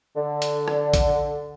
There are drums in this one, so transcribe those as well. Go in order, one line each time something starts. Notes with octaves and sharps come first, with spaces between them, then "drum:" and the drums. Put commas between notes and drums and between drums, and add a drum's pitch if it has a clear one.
D3
drum: hi-hat
drum: rim click
drum: kick A#1, hi-hat